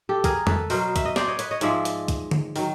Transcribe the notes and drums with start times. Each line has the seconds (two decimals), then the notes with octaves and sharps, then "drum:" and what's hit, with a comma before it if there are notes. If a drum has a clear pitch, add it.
0.09 G4 A4
0.24 G#4 A#4, drum: kick, hi-hat
0.47 A4 B4, drum: tom F2
0.70 B2 F#3 A#4 C5, drum: open hi-hat
0.96 E5, drum: kick, hi-hat
1.05 D#5
1.16 C5 D5, drum: snare
1.28 C#5 D#5
1.39 B4 C#5, drum: hi-hat
1.51 C#5 D#5
1.61 G#2 F3 G#3 D5 E5, drum: hi-hat
1.85 drum: hi-hat
2.08 drum: kick, hi-hat
2.31 drum: tom D3
2.56 D#3 F#3, drum: open hi-hat